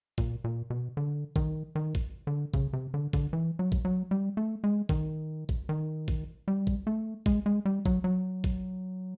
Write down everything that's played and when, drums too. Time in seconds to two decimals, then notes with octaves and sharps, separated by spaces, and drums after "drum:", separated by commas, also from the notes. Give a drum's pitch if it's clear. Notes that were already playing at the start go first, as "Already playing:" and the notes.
0.18 A#2, drum: kick A1
0.44 A#2
0.70 B2
0.97 D3
1.36 D#3, drum: kick A1
1.75 D#3
1.95 drum: kick A1
2.27 D3
2.54 C#3, drum: kick A1
2.73 C3
2.94 D3
3.13 D3, drum: kick A1
3.33 E3
3.59 F#3
3.72 drum: kick A1
3.85 F#3
4.11 G3
4.37 A3
4.64 G#3
4.89 D#3, drum: kick A1
5.49 drum: kick A1
5.69 D#3
6.08 drum: kick A1
6.48 G3
6.67 drum: kick A1
6.87 A3
7.26 G#3, drum: kick A1
7.46 G#3
7.65 G3
7.86 F#3, drum: kick A1
8.04 F#3
8.44 drum: kick A1